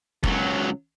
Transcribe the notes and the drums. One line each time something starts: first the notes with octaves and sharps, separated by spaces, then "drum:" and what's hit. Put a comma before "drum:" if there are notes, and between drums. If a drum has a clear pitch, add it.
C#2 F#3, drum: kick F1